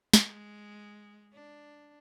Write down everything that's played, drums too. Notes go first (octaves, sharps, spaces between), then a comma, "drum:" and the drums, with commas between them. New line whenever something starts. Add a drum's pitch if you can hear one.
G#3, drum: snare
D4